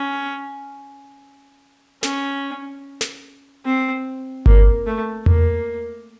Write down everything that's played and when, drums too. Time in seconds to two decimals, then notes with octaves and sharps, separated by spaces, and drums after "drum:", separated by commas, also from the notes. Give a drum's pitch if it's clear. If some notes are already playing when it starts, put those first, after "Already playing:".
Already playing: C#4
2.03 C#4, drum: snare
3.01 drum: snare
3.65 C4
4.46 A#3, drum: kick G1
4.87 A3
5.26 A#3, drum: tom E2